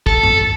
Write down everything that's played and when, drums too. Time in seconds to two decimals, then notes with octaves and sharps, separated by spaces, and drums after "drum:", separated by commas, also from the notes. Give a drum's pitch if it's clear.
0.07 A4, drum: kick
0.23 drum: tom F#2